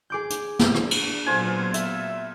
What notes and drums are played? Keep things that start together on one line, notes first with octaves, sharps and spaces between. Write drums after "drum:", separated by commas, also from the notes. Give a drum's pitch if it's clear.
G#4 D6 G6
drum: hi-hat
drum: snare
D4, drum: rim click
drum: cymbal
A#2 F#3 B3 D4 F4 A4 C5 G#5
E5, drum: hi-hat